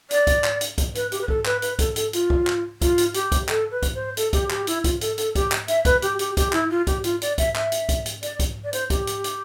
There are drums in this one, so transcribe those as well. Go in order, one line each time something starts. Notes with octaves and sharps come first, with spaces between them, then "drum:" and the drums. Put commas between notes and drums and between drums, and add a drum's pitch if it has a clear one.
D5, drum: hi-hat
drum: kick, hi-hat
drum: clap
drum: hi-hat
drum: kick, hi-hat
B4, drum: hi-hat
G4, drum: hi-hat
B4
A4, drum: kick
B4, drum: clap
B4, drum: hi-hat
A4, drum: kick, hi-hat
A4, drum: hi-hat
F4, drum: hi-hat
drum: kick
drum: clap
F4, drum: kick, hi-hat
drum: hi-hat
G4, drum: hi-hat
drum: kick, hi-hat
A4, drum: clap
B4
drum: kick, hi-hat
C5
A4, drum: hi-hat
G4, drum: kick, hi-hat
G4, drum: clap
E4, drum: hi-hat
F4, drum: kick, hi-hat
A4, drum: hi-hat
A4, drum: hi-hat
G4, drum: kick, hi-hat
drum: clap
E5, drum: hi-hat
B4, drum: kick, hi-hat
G4, drum: hi-hat
G4, drum: hi-hat
G4, drum: kick, hi-hat
E4, drum: clap
F4
G4, drum: kick, hi-hat
F4, drum: hi-hat
D5, drum: hi-hat
E5, drum: kick, hi-hat
E5, drum: clap
drum: hi-hat
drum: kick, hi-hat
drum: hi-hat
D5, drum: hi-hat
drum: kick, hi-hat
D5
C5, drum: hi-hat
G4, drum: kick, hi-hat
drum: hi-hat
drum: hi-hat